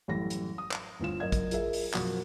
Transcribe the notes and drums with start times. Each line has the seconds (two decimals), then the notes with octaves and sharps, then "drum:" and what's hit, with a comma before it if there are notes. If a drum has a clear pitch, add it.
0.08 A1 F#2 G3 A3 E4 A#6
0.30 drum: hi-hat
0.58 D#6
0.71 drum: clap
1.00 G1 D2 F4 E7
1.20 F#2 A#4 D#5 G#6
1.32 drum: kick, hi-hat
1.51 F4 G#4 A#4 E5, drum: hi-hat
1.73 drum: open hi-hat
1.94 F#2 B2 F3 F#4 A#4 D#6, drum: clap